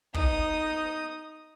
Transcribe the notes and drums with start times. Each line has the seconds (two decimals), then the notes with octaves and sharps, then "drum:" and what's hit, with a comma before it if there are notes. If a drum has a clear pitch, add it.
0.14 D#4 D#6, drum: kick